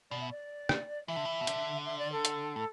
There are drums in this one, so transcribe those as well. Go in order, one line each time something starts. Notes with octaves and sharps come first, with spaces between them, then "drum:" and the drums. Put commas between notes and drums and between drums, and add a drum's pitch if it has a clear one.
B2 D5
E5
D5
drum: rim click
E3 E5
D3
E3
B2
D3, drum: hi-hat
E5
D5
A4
drum: hi-hat
A2